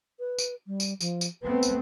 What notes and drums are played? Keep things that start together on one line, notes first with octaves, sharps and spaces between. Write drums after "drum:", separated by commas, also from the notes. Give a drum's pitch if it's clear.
B4
drum: tambourine
G3
drum: tambourine
F3, drum: tambourine
drum: tambourine
A3 B3 C4 B4
drum: tambourine